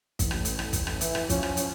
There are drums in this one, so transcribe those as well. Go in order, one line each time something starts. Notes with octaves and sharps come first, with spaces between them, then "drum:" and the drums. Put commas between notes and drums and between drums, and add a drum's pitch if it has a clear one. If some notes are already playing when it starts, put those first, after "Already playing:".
A1, drum: kick, hi-hat
drum: rim click
drum: hi-hat
drum: rim click
drum: kick, hi-hat
drum: rim click
E3, drum: hi-hat
drum: rim click
F3 C#4, drum: kick, hi-hat
drum: rim click
drum: hi-hat